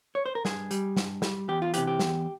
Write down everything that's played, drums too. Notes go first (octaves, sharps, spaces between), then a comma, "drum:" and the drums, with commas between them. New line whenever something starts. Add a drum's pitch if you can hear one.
C#5
C5
A#4
G2 G#4, drum: snare
G3, drum: hi-hat
G2, drum: snare
G3, drum: snare
E2 G4
F4
C3 E3 G4, drum: hi-hat
G4
E2, drum: snare